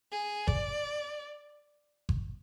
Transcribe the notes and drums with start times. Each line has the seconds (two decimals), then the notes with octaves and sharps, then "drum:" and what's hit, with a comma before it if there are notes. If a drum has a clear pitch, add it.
0.12 G#4
0.48 D5, drum: kick G1
2.09 drum: kick G1